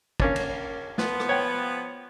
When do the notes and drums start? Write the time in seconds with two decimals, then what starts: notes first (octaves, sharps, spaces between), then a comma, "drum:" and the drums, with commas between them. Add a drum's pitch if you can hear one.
0.20 A#3 C#4 D4, drum: kick
0.36 drum: cymbal
0.98 F3 B3, drum: snare
1.20 drum: rim click
1.29 C#5 F#5 G5